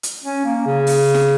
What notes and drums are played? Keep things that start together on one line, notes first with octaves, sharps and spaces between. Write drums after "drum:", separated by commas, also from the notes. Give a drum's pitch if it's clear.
drum: hi-hat
C#4
A#3
C#3
drum: open hi-hat
drum: snare